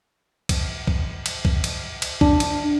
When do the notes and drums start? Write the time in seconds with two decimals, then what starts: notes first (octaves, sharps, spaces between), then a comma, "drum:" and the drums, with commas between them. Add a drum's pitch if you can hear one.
0.49 drum: kick, cymbal
0.87 drum: kick
1.26 drum: cymbal
1.45 drum: kick
1.64 drum: cymbal
2.02 drum: cymbal
2.21 D4, drum: kick
2.40 drum: cymbal